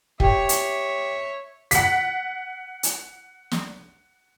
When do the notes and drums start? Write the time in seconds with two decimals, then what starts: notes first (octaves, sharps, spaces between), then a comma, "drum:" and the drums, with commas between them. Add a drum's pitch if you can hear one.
0.20 G4 C#5 E5, drum: kick
0.49 drum: hi-hat
1.71 F#5 B6, drum: hi-hat
2.83 drum: hi-hat
3.51 drum: snare